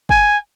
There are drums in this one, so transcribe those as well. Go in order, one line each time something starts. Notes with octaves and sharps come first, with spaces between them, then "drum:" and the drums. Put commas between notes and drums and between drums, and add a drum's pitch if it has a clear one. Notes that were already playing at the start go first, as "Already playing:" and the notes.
G#5, drum: kick G1